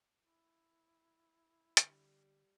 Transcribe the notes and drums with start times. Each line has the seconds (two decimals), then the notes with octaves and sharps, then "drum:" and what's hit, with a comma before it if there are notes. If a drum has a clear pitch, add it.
0.22 E4
1.77 D3 G3, drum: hi-hat